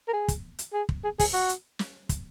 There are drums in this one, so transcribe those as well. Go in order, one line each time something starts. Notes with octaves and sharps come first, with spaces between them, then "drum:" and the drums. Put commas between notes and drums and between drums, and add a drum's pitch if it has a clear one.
A#4
G#4
drum: kick, hi-hat
drum: hi-hat
G#4
drum: kick
G#4
G#4, drum: kick, open hi-hat
F#4
drum: hi-hat
drum: snare
drum: kick, hi-hat